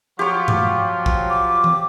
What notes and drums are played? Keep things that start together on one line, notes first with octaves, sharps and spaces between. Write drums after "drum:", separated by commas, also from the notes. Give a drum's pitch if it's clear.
F3 F#3 F4 G4 C#5
drum: tom G2
drum: kick
D6
drum: tom E3